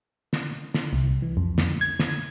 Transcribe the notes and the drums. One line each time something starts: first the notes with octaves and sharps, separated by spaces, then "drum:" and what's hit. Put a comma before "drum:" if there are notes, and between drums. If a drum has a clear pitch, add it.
drum: snare
drum: snare
C2
E3
F2
drum: snare
G#6
drum: snare